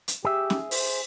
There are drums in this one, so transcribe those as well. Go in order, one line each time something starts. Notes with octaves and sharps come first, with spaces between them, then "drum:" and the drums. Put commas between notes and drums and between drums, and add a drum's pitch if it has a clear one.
drum: hi-hat
G4 G#4 E5
drum: snare C#4
C5, drum: open hi-hat